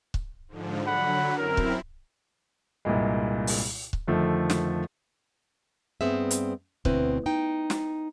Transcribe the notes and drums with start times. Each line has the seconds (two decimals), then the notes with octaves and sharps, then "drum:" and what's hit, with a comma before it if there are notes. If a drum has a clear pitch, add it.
0.14 drum: kick C#1
0.48 G#2 D3 F3
0.87 D3 F#3 F#5 B5
1.37 F#2 C4 E4 A#4
1.57 drum: kick C#1
2.85 C2 G2 A#2 G#3
3.47 drum: open hi-hat
3.93 drum: kick C#1
4.07 F2 D3 D#3 F3 A3
4.50 drum: snare
6.01 G2 B3 C4 G#4 E5
6.31 drum: hi-hat
6.85 D2 B2 C4 E4 B4, drum: kick C#1
7.26 D#4 G5
7.70 drum: snare